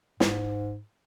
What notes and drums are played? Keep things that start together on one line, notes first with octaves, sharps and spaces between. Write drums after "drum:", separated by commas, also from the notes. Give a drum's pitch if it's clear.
G#2, drum: snare